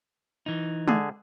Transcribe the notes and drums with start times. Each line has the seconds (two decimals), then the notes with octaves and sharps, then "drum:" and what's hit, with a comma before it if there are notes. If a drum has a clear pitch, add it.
0.46 E3 D#4
0.88 D3 G#4, drum: tom G#3